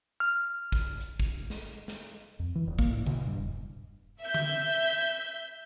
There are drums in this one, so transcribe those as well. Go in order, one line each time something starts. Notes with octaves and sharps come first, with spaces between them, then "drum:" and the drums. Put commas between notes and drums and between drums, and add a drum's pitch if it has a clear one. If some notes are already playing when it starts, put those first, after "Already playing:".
F6
drum: kick
drum: hi-hat
drum: kick
drum: snare
drum: snare
F2
E3
D#1
A#3, drum: kick
A2
B2, drum: tom C#3
G2
E1
E5 G6
drum: tom D3